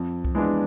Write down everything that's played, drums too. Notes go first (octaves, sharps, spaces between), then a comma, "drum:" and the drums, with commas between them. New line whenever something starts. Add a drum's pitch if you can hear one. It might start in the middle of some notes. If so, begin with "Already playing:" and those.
Already playing: F2
drum: kick C2
E3 G#3 B3 D4